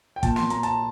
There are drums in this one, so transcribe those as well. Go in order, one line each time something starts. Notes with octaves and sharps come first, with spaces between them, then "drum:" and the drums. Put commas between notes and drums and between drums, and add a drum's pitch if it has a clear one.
G5
A#2 A5, drum: kick, hi-hat
C6, drum: snare
A#2 A#5, drum: hi-hat
A5, drum: hi-hat